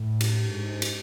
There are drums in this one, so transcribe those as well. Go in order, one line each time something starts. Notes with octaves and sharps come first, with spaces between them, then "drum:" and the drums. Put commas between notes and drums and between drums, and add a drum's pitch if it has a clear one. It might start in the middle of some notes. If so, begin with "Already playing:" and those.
Already playing: A2
drum: cymbal
G#2
drum: cymbal